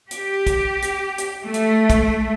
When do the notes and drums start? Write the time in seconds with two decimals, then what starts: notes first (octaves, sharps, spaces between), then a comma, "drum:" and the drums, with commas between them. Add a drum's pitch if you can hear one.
0.11 G4, drum: hi-hat
0.47 drum: kick, hi-hat
0.82 drum: hi-hat
1.18 drum: hi-hat
1.43 A3
1.54 drum: hi-hat
1.90 drum: kick, hi-hat